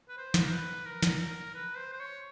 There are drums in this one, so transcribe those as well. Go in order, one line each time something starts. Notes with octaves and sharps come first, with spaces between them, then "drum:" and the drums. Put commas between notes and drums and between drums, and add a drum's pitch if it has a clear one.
B4
C5
drum: snare
A#4
B4
A#4
drum: snare
A#4
B4
C5
C5
C#5